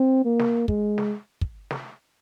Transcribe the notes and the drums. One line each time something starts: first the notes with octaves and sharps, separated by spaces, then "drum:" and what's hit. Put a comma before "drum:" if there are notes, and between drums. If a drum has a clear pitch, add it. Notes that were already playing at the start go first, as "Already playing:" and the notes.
Already playing: C4
A#3
drum: snare
G#3, drum: kick
drum: snare
drum: kick
drum: snare